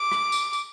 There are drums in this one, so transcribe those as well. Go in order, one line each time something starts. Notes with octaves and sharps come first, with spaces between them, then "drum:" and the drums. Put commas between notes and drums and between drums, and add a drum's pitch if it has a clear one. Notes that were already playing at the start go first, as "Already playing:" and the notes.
Already playing: D6
drum: rim click
drum: tambourine
drum: tambourine